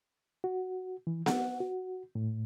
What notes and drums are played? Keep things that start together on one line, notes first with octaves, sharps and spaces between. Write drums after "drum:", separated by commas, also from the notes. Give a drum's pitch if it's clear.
F#4
E3
F#5, drum: snare B3
F#4
A2